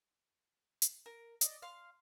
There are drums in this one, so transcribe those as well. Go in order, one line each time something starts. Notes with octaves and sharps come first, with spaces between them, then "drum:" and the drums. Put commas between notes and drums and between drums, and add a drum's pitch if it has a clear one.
drum: hi-hat
A#4
D5 D#5, drum: hi-hat
F5 C6